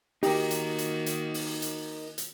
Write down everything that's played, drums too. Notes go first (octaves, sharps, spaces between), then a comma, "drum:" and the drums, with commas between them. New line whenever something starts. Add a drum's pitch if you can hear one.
D#3 A#3 D#4 F#4 G4 A#4, drum: open hi-hat
drum: hi-hat
drum: hi-hat
drum: hi-hat
drum: open hi-hat
drum: hi-hat
drum: hi-hat